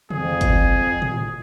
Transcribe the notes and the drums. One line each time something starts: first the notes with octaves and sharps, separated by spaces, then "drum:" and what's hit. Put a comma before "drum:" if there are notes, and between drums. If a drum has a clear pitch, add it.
F2 G#4, drum: tom C3
drum: kick, hi-hat
drum: tom A2